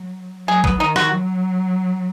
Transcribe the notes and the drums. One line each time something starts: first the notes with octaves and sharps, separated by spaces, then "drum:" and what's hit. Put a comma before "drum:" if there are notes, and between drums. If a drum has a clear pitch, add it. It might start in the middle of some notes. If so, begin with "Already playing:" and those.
Already playing: F#3
F#3 G#4
B3, drum: kick
D#3 D#4
F#4, drum: rim click
F#3